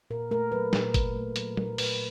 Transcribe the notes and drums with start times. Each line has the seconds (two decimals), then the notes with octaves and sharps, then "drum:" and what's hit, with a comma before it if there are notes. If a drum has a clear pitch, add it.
0.10 A#2 A#4
0.31 A3 A#4
0.52 F#3 B4
0.73 A#2, drum: snare
0.94 A#2, drum: kick G1, hi-hat
1.16 A3
1.36 F#3, drum: hi-hat
1.57 A#2 A#4, drum: tom
1.78 A#2 B4, drum: open hi-hat